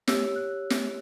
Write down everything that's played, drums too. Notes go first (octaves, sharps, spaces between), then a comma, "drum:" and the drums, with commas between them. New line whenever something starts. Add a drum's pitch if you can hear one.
G4 C#5 E6, drum: snare
F#6
drum: snare